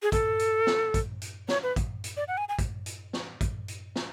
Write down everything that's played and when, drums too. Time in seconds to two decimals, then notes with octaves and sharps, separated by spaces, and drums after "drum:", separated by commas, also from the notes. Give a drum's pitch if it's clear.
0.03 G#4
0.12 A4, drum: kick, hi-hat
0.39 drum: hi-hat
0.67 drum: snare
0.94 drum: kick, hi-hat
1.22 drum: hi-hat
1.48 C#5, drum: snare
1.63 B4
1.76 drum: kick, hi-hat
2.04 drum: hi-hat
2.17 D5
2.28 F#5
2.37 G#5
2.49 G#5
2.59 drum: kick, hi-hat
2.86 drum: hi-hat
3.13 drum: snare
3.41 drum: kick, hi-hat
3.68 drum: hi-hat
3.96 drum: snare